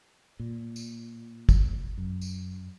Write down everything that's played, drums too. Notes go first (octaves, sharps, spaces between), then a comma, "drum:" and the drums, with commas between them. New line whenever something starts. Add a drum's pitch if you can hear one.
A#2
drum: tambourine
drum: kick, tambourine
F#2
drum: tambourine